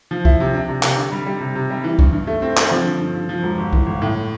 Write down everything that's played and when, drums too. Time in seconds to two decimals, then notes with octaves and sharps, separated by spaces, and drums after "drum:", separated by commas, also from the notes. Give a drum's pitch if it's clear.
0.11 F3
0.25 E4, drum: kick C2
0.40 C3
0.54 D4
0.68 C3
0.83 C3, drum: clap
0.98 D3
1.12 G3
1.26 G3
1.40 C3
1.55 C3
1.70 G3
1.84 E3
1.99 G2, drum: kick C2
2.13 G2
2.27 A3
2.42 C4
2.57 C4, drum: clap
2.71 F3
2.85 D3
3.00 G2
3.15 F3
3.29 F3
3.43 E1
3.58 G1
3.73 E3, drum: kick C2
3.86 G1
4.02 A2